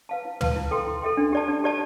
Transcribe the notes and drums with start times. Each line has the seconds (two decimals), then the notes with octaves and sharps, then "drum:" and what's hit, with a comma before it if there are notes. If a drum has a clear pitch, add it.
0.09 B4 F5 A5
0.25 E4
0.41 B4 F5 A5, drum: tom
0.56 E4
0.71 A4 E5 G5 C6
0.87 E4
1.02 A4 E5 G5 C6
1.17 D4
1.33 G4 D5 A5
1.48 D4
1.64 G4 D5 A5